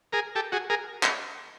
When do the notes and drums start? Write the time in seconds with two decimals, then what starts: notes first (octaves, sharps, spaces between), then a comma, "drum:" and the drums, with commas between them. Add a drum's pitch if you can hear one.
0.13 G#4 A#4
0.35 G4 A4
0.52 F#4 G#4
0.70 G#4 A#4
1.03 drum: clap